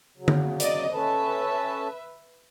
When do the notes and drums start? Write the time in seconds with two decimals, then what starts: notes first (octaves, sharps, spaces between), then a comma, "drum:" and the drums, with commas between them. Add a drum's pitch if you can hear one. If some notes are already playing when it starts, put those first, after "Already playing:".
0.18 C#3 F#3
0.28 drum: tom D3
0.60 D5 D#5, drum: hi-hat
0.93 C#4 A4 B4 E5 A5